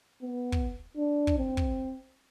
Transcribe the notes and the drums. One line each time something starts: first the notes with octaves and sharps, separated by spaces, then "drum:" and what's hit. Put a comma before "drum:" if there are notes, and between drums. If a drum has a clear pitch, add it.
B3
drum: kick
D4
drum: kick
C4
drum: kick